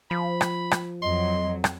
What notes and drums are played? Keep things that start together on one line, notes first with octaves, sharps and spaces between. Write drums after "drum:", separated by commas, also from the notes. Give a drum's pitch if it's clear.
F3 B5
drum: rim click
drum: rim click
F2 F#3 D#5 C6
drum: rim click